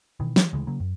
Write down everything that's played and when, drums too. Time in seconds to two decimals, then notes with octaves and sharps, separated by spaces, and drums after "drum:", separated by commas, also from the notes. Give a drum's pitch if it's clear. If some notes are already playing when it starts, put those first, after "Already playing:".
0.20 B2 D#3 E3
0.36 E3, drum: snare
0.53 D2 C#3 E3 G#3
0.67 C#3 F#3 A#3
0.80 F#2